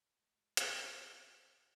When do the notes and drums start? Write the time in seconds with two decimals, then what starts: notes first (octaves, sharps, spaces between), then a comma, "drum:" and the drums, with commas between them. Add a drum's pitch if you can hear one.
0.13 G#2 A3 F4 F#4 A#4 D#5 A5
0.57 drum: hi-hat